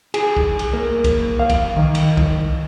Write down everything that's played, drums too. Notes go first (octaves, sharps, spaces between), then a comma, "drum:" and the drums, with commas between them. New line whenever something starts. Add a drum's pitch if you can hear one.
G#4, drum: cymbal
drum: kick
drum: cymbal
A#3
drum: kick, cymbal
F5
drum: kick, cymbal
D#3
drum: cymbal
drum: kick